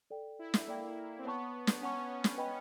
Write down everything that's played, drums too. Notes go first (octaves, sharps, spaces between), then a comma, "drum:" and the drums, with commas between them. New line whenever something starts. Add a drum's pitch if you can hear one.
A4 D5 G5
E4
drum: snare
A#3 A4 D5 G5
C4
B3 C#5 F#5 A5 C#6
drum: snare
C#4 C#5 F#5 A5 C#6
drum: snare
B4 D#5 G5 B5